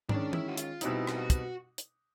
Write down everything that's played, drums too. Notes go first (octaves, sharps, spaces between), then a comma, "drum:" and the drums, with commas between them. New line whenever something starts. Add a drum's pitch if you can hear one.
D#3 G#3 C#4 D4, drum: tom G#2
E4, drum: tom
F#4
F4, drum: hi-hat
B2 G3 C4 D#4 E4, drum: hi-hat
G4, drum: rim click
F#4
drum: kick, hi-hat
drum: hi-hat